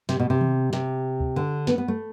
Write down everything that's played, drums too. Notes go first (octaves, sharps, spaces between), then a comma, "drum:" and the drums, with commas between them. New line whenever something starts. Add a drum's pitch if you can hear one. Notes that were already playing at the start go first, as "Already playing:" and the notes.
C3, drum: snare
B2
C3
drum: tom D#3
C3, drum: snare
drum: kick D2
D3
B3, drum: snare
B3
A3